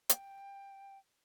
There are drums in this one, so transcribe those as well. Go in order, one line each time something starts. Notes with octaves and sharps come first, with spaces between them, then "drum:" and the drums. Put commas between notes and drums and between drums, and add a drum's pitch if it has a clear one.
G5, drum: hi-hat